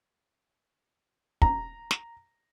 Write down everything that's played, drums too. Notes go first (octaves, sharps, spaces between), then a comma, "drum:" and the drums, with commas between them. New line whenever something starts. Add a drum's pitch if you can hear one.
A#5, drum: kick
drum: snare